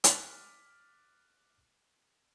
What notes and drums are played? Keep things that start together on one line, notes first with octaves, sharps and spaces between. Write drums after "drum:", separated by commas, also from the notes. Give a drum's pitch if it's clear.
D6 F6 F#6 A6 B6 D#7, drum: hi-hat